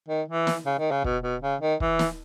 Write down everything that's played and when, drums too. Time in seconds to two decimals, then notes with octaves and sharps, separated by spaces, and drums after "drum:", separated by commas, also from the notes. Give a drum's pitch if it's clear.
0.09 D#3
0.28 E3
0.47 drum: snare
0.66 C#3
0.79 D#3
0.91 C#3
1.04 B2, drum: kick
1.23 B2
1.42 C#3
1.61 D#3
1.80 E3, drum: kick
1.99 drum: snare